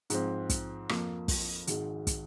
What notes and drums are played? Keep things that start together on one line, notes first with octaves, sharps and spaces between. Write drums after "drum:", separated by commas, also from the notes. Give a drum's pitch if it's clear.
G#2 F3 C4, drum: hi-hat
drum: kick, hi-hat
F2 F3 A#3, drum: rim click
drum: kick, open hi-hat
G#1 G#2 G#3, drum: hi-hat
drum: kick, hi-hat